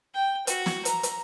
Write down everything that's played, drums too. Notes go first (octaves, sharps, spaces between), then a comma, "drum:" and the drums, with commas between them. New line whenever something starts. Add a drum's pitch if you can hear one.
G5
F#4, drum: hi-hat
drum: snare
A#5, drum: hi-hat
drum: hi-hat